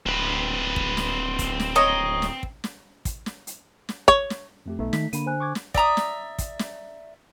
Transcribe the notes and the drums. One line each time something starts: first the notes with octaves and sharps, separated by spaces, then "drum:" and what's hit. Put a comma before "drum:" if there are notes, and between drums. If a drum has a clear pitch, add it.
D1 C4 B4
drum: kick
drum: snare
drum: kick, hi-hat
drum: snare
C#5 D#5 A#5
drum: snare
drum: kick
drum: snare
drum: kick, hi-hat
drum: snare
drum: hi-hat
drum: snare
C#5, drum: kick
drum: snare
F2 A3 G4
B1 B2 A3 D#4
D#3 B6, drum: snare
D3 A#3 B5 D#7, drum: hi-hat
C5 G#5 F#6
C#6 D6 G#6
drum: snare
D5 E5 A#5 D#6, drum: kick
drum: snare
drum: kick, hi-hat
drum: snare